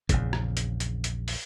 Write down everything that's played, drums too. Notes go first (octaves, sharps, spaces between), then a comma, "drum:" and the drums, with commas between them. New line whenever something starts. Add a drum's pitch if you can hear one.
A#1 E2 C#3, drum: kick, hi-hat
drum: rim click
drum: hi-hat
drum: hi-hat
drum: hi-hat
drum: open hi-hat